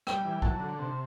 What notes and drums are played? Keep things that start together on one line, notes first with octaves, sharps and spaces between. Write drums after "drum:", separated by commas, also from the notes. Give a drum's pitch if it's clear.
G3 G5, drum: rim click
E3
F#3 A5, drum: kick
D3
C3